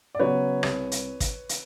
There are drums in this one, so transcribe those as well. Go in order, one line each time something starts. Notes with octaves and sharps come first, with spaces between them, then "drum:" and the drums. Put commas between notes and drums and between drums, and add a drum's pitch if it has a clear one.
D5
C#3 F#3 B3 B4 C#5
C2, drum: rim click
drum: hi-hat
drum: kick, hi-hat
drum: hi-hat